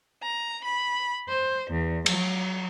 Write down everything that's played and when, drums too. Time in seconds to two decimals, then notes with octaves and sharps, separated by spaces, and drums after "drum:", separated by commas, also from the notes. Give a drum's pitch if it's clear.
0.22 A#5
0.63 B5
1.28 C5
1.71 E2
2.06 F#3, drum: cymbal